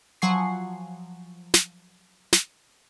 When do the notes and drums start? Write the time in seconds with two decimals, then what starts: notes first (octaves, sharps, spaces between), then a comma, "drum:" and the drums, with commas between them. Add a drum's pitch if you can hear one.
0.22 F3 F#3 F#5 G#5 C#6 C7
1.54 drum: snare
2.33 drum: snare